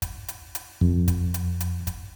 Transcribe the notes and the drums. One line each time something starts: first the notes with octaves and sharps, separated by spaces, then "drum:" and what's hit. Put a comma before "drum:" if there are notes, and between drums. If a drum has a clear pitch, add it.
drum: kick, hi-hat
drum: hi-hat
drum: hi-hat
F2, drum: kick
drum: kick, hi-hat
drum: hi-hat
drum: hi-hat
drum: kick, hi-hat